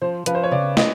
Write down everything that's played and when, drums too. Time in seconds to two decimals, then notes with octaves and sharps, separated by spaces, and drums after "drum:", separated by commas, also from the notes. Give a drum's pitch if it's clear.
0.02 F3 C5
0.26 F3 B4, drum: hi-hat
0.35 C5
0.44 C#5
0.51 C#3 D5
0.77 D#5, drum: snare